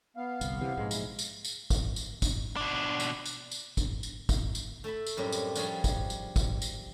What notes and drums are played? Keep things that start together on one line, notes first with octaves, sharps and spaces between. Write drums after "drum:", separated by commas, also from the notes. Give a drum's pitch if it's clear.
B3 F5
G1 C2, drum: tambourine
C3 E3
A#1 G#2 G#3
E4, drum: tambourine
drum: tambourine
drum: tambourine
drum: kick, tambourine
drum: tambourine
drum: kick, tambourine
B2 D4
drum: tambourine
drum: tambourine
drum: tambourine
drum: kick, tambourine
drum: tambourine
drum: kick, tambourine
drum: tambourine
A3 A4 E5 B5
drum: tambourine
F#2 A2 G3 C4 D4
drum: tambourine
F3 G3 D4 G#4 C#5, drum: tambourine
drum: kick, tambourine
drum: tambourine
drum: kick, tambourine
drum: tambourine